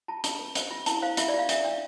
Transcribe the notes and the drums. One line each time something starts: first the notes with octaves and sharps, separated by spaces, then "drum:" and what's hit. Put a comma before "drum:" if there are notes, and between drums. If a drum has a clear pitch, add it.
F4 A5
F4 A5, drum: hi-hat
B4
C5, drum: hi-hat
F4
E4 A5, drum: hi-hat
C5 F5
F4 E5, drum: hi-hat
D5
F4
F5
D4 E5, drum: hi-hat
D4